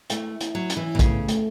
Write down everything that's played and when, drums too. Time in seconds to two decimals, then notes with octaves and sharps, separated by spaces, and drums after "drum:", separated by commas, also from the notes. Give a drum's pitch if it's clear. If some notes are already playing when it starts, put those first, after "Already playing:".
0.10 A3 E4, drum: hi-hat
0.41 E4, drum: hi-hat
0.55 F#3
0.70 C#4, drum: hi-hat
0.77 E3
0.95 B2
0.99 C#3 A3, drum: kick, hi-hat
1.29 A3, drum: hi-hat